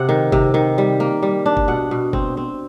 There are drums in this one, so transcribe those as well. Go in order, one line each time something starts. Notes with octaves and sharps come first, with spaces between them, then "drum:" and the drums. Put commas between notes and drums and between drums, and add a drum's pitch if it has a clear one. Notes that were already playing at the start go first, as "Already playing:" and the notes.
Already playing: C3 F#5
D#3
C3, drum: kick F#1
D#3
G3
A#3
G3
D4
drum: kick F#1
B2 F#5
B2
C4, drum: kick F#1
C4